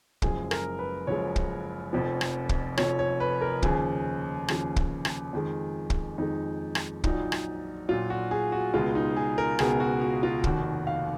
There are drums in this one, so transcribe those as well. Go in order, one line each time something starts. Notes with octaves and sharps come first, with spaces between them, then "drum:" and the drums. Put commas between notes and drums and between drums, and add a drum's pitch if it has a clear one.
F#1 F#2 F3 G#3 G#4, drum: kick
A#4, drum: rim click
B4
F#1 F#2 F3 G#3 C#5
drum: kick
F1 F2 F3
drum: rim click
drum: kick
F1 F2 F3 C#5, drum: rim click
C#5
B4
A#4
D#2 C#3 F3 G#4, drum: kick
D#2 C#3 F3, drum: rim click
drum: kick
drum: rim click
F2 D#3 G#3
drum: kick
F2 D#3 G#3 D#4
drum: rim click
A#1 A#2 F#3 D#4, drum: kick
drum: rim click
A#1 A#2 F#3 F4
F#4
G#4
F#4
C#2 B2 G#3 F4
D#4
G#4
A#4
C#2 B2 G#3 G#4, drum: rim click
F#4
F#4
F4
F1 D#2 D#3 F#4, drum: kick
F5